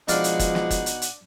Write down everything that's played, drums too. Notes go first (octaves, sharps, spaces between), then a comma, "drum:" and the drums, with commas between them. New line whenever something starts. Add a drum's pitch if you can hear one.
B2 F3 G#3 D4 D#4 D5 F5 F#5, drum: hi-hat
drum: hi-hat
drum: kick F#1, hi-hat
drum: snare
drum: kick F#1, hi-hat
drum: hi-hat
drum: hi-hat